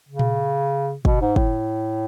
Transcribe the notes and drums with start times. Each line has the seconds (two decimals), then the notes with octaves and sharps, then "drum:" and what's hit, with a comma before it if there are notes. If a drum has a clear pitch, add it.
0.09 C#3
0.19 drum: tom A#2
1.05 B2, drum: kick
1.21 G#2
1.36 A2, drum: kick